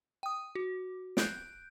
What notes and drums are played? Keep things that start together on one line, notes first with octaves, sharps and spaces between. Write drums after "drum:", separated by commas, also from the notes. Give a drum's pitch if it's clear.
G5 D#6
F#4
F#6 G6 D7, drum: snare